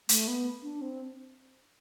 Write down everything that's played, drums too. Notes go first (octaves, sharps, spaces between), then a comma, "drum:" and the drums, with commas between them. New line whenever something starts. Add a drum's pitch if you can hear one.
A3, drum: hi-hat
B3
D4
C4